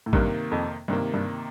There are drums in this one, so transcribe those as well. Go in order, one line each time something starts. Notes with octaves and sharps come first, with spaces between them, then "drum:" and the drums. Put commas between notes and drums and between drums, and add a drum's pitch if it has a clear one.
A2
G2 C3 D#3 A#3, drum: kick
F2
G2 C3 D#3 A#3
G2